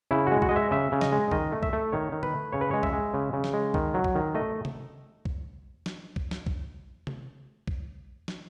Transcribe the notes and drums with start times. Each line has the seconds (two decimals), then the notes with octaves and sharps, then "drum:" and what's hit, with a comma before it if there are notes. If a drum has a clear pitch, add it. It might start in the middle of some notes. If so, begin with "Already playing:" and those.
0.11 C#3 E4
0.27 G#3 F#4
0.42 F#4, drum: kick
0.49 G#3 D#5
0.56 E5
0.71 C#3 E5
0.92 C#3
1.01 D#5, drum: snare
1.12 G#3
1.31 D#3 D#5, drum: kick
1.52 A3
1.63 E5, drum: kick
1.73 A3
1.92 D#3 C#5
2.12 D#3
2.23 B4, drum: tom D3
2.34 A3
2.52 C#3 C#5
2.61 B4
2.71 G#3 C#5
2.83 E5, drum: kick
2.93 G#3
3.14 C#3
3.33 C#3
3.44 drum: snare
3.53 G#3
3.74 D#3, drum: kick
3.94 F#3
4.04 drum: kick
4.15 D#3
4.35 A3 D#5
4.65 drum: tom C3
5.25 drum: kick
5.86 drum: snare
6.16 drum: kick
6.31 drum: snare
6.46 drum: kick
7.07 drum: tom C3
7.67 drum: kick
8.28 drum: snare